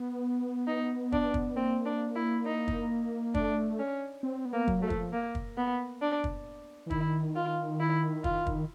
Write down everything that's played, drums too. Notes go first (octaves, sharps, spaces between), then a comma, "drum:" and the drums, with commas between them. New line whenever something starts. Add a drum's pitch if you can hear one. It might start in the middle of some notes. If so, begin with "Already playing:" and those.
Already playing: B3
D#4
D4, drum: kick
drum: kick
A#3 C4
D4
E4
D#4
drum: kick
A3 D4, drum: kick
C#4
C4
B3
A#3
F#3, drum: kick
A3
F3, drum: kick
A#3
drum: kick
B3
D4
drum: kick
E3
D#3 E4, drum: kick
F4
E4
F4, drum: kick
drum: kick